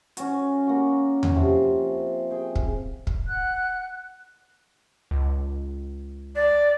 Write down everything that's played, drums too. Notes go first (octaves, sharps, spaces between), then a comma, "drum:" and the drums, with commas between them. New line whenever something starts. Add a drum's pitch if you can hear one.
C#4 F#4, drum: hi-hat
A#3 F#4
drum: tom E2
C3 F3
G#4 G5
drum: kick
drum: kick
F#5 F#6
C#2
D5